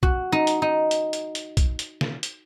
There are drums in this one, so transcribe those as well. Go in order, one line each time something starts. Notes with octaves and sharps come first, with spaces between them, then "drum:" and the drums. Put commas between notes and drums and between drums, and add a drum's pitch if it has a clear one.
F#4, drum: kick B1
D#4
drum: hi-hat
D#4
drum: hi-hat
drum: hi-hat
drum: hi-hat
drum: kick B1, hi-hat
drum: hi-hat
drum: snare
drum: hi-hat